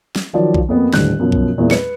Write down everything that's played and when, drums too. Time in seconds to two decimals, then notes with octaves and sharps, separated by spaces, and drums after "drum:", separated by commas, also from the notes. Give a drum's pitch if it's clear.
0.16 drum: snare
0.33 D#3 F3 F#3 D5
0.54 drum: kick B1
0.69 F2 A#3 B3
0.93 D#1 A2 D3 F#6, drum: snare
1.20 F#2 B2 F3 F#3
1.32 drum: kick B1
1.58 E2 A#2 E3 G#3 C4
1.71 B4 C#7, drum: snare